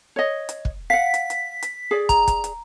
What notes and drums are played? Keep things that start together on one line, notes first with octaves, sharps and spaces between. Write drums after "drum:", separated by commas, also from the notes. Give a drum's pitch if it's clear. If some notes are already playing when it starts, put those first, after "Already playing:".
C#5 D#5
drum: hi-hat
drum: kick
F5 F#5 B6
drum: hi-hat
drum: hi-hat
drum: hi-hat
G#4 D5
A#5, drum: kick, hi-hat
drum: kick, hi-hat
drum: hi-hat